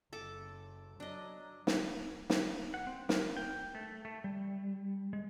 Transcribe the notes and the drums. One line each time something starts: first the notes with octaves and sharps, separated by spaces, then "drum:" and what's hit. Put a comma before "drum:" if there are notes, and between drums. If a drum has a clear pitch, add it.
F#1 A4 A5 D6
F#3 D4 D#5
drum: snare
drum: snare
F#5
C4
A#4, drum: snare
G5
A3
A3
G3
G#3